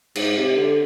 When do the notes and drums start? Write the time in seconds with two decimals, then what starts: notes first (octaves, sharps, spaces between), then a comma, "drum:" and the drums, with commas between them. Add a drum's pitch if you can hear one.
0.15 G#2, drum: cymbal
0.36 C3
0.57 D3